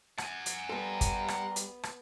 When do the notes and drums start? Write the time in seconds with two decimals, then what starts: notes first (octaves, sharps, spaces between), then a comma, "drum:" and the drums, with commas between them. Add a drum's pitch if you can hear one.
0.18 F#5 G#5, drum: rim click
0.46 drum: hi-hat
0.69 G3 B3 A4 A#4 A#5 C6
1.01 drum: kick, hi-hat
1.28 drum: rim click
1.56 drum: hi-hat
1.83 drum: rim click